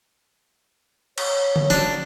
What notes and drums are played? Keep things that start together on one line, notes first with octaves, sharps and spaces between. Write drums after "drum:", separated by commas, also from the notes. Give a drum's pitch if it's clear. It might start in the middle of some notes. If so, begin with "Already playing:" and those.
C#5, drum: cymbal
drum: tom D3
D4, drum: snare